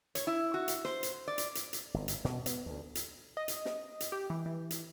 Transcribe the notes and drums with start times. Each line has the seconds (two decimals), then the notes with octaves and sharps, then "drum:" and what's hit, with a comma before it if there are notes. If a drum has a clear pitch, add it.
0.15 C#5, drum: hi-hat
0.27 E4
0.54 F#4
0.68 drum: hi-hat
0.85 C5, drum: snare
1.03 drum: hi-hat
1.28 D5
1.38 drum: hi-hat
1.55 drum: hi-hat
1.73 drum: hi-hat
1.94 G1
2.08 drum: hi-hat
2.25 B2, drum: snare
2.46 B3, drum: hi-hat
2.66 D2
2.95 drum: hi-hat
3.37 D#5
3.48 drum: hi-hat
3.65 drum: snare
4.00 drum: hi-hat
4.12 G4
4.30 E3
4.46 E3
4.70 drum: hi-hat